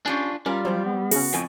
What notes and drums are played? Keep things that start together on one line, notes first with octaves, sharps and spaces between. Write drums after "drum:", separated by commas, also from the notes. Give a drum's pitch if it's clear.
C#4 D4 F4 G4 G#5
G3 C#4 F4 A#4
G2 F3 F#3 C4
B3
C#3 C#4 F#4, drum: open hi-hat
F2 A2 G#5